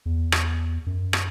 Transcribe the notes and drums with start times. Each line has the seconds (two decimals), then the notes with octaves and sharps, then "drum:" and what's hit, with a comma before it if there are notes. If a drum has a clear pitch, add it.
0.06 E2
0.32 drum: rim click
0.86 F#2
1.13 drum: rim click